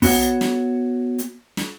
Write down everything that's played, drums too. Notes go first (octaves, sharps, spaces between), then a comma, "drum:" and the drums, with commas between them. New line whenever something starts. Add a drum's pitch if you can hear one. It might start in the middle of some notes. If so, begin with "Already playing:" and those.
B3 F#4 C#5 F#5, drum: kick, open hi-hat
drum: snare
drum: hi-hat
drum: snare